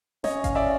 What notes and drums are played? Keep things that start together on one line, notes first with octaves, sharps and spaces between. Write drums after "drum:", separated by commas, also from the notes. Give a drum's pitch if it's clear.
C#4 C#5 D#5, drum: snare
F5, drum: kick G#1, hi-hat
D5 E5